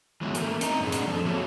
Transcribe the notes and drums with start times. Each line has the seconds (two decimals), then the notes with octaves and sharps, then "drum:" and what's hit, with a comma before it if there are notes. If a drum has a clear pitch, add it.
0.21 E3 G#3 B3 C#4 E4 F#4
0.35 A3 A#3, drum: hi-hat
0.61 C4 D#4 D#5 A#5, drum: hi-hat
0.81 F#2 A2 D4 G#4 F#5
0.92 drum: hi-hat
1.07 F3 C4 A4
1.25 A3 A#3 F#4 C#5